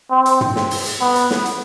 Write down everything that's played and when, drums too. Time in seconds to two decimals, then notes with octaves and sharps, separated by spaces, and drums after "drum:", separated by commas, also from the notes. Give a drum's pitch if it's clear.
0.11 C4
0.26 drum: hi-hat
0.41 drum: tom
0.56 drum: snare
0.71 drum: open hi-hat
0.86 drum: hi-hat
1.01 B3
1.16 drum: hi-hat
1.31 drum: snare
1.46 drum: hi-hat